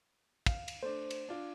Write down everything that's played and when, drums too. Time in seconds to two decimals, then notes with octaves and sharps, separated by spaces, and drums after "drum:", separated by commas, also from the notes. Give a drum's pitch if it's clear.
0.46 F5, drum: kick, cymbal
0.68 drum: cymbal
0.83 A3 D4 C5
1.10 drum: cymbal
1.29 D4 F4